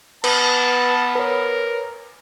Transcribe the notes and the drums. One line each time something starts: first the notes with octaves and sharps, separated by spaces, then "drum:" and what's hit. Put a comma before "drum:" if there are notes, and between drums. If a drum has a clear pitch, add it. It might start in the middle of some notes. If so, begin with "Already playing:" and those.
B3 B4 A5, drum: cymbal
A#4 B4 C#5